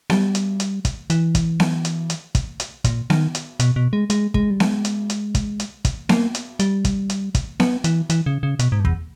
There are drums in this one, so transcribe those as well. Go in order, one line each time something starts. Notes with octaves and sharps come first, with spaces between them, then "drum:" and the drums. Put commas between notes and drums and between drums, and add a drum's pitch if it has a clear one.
G3, drum: snare B3
drum: hi-hat
drum: hi-hat
drum: kick, hi-hat
E3, drum: hi-hat
drum: kick, hi-hat
drum: snare B3
drum: hi-hat
drum: hi-hat
drum: kick, hi-hat
drum: hi-hat
A#2, drum: kick, hi-hat
D#3, drum: snare B3
drum: hi-hat
B2, drum: hi-hat
B2
G#3
G#3, drum: hi-hat
G#3, drum: kick
G3
G#3, drum: snare B3
drum: hi-hat
drum: hi-hat
drum: kick, hi-hat
drum: hi-hat
drum: kick, hi-hat
A#3, drum: snare B3
drum: hi-hat
G3, drum: hi-hat
drum: kick, hi-hat
drum: hi-hat
drum: kick, hi-hat
B3, drum: snare B3
E3, drum: hi-hat
E3, drum: hi-hat
C#3
C#3
B2, drum: hi-hat
G#2
G2
E2, drum: kick